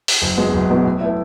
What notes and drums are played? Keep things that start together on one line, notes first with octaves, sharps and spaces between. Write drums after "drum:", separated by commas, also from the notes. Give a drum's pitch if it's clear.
drum: open hi-hat
F#1
E2 B2 G#3 B3
F#1
E2 B2 G#3 B3
A2
E3 A3 E4